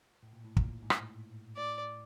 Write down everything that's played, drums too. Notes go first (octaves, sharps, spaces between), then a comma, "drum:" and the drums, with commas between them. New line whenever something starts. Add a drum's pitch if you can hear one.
A2
A#2
A2
A#2, drum: kick
G#2
A2, drum: rim click
A2 D5